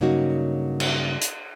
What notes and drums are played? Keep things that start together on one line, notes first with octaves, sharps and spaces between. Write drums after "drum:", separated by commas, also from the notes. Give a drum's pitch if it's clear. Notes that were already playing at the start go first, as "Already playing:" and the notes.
G2 C#3 F#3 A#3 D#4 F#4
drum: cymbal
drum: hi-hat